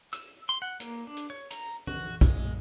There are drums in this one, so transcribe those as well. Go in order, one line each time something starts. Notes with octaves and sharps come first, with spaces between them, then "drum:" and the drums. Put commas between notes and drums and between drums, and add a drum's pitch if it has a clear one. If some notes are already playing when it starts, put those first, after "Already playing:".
E6, drum: hi-hat
C6
F#5
A#3, drum: hi-hat
D4
drum: hi-hat
C#5
A#5, drum: hi-hat
F#4, drum: tom E3
G#3, drum: kick, hi-hat